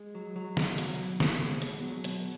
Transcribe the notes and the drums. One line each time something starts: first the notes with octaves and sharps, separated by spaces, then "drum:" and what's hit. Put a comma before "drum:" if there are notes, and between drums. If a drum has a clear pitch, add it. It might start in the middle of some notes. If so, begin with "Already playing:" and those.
Already playing: G#3
F#3
F#3
B2, drum: snare
F#3, drum: hi-hat
B2
B2, drum: snare
B2 G#3
B2, drum: hi-hat
F#3
B2, drum: hi-hat